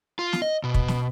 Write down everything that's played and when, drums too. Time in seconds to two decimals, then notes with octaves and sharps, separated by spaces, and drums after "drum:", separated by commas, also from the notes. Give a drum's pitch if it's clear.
0.19 F4
0.33 drum: snare
0.42 D#5
0.64 B2
0.74 drum: kick
0.88 drum: snare